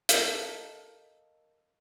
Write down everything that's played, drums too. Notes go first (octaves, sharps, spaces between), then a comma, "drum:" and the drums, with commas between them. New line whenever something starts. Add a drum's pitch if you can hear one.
A4 A#4 D#5 F5, drum: hi-hat